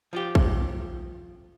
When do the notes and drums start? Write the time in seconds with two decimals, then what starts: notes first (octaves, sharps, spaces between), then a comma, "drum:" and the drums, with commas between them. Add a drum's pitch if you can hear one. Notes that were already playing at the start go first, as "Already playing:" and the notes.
0.13 F3 F4 G4
0.35 drum: kick